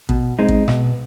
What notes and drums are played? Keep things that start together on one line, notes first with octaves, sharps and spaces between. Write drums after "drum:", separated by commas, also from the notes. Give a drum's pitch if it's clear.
B2, drum: kick
G#3 C4 D#4
drum: kick
B2, drum: rim click